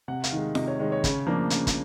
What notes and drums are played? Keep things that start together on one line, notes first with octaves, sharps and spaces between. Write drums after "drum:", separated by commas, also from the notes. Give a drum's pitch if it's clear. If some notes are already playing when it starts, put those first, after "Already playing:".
C3 F#5
F5, drum: hi-hat
D#3 G#3
C3 D#5, drum: snare F4
C#5
D#3 G#3 C#5
C#5
C#3, drum: kick, hi-hat
F3 A#3 D4
C#3, drum: hi-hat
drum: kick, hi-hat